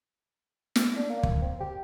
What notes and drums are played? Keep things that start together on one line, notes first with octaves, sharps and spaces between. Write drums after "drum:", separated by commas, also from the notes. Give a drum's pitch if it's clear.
drum: snare
D4
A#3
drum: kick
C4
G4